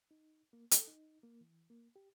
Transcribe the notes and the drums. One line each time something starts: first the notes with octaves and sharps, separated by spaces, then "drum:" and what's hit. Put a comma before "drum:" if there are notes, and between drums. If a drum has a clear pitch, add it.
D#4
A#3
A4, drum: hi-hat
D#4
A#3
E3
A#3
G4